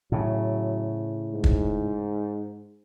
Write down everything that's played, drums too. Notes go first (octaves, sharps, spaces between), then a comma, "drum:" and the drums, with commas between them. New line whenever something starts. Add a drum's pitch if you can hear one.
A2 C#3 F#3
G#2
drum: kick